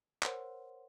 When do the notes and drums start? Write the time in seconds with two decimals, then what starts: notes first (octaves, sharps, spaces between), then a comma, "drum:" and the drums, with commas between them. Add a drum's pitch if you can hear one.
0.23 A#4 C5 C#5 F#5 C6, drum: clap